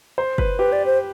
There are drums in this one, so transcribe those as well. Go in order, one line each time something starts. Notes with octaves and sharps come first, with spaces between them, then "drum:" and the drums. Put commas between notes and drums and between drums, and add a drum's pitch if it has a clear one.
C5
B4, drum: kick
G4 B4
D5
C5